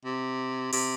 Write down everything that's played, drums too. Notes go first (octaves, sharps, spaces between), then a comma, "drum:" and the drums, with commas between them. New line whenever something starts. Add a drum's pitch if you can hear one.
C3
C3, drum: open hi-hat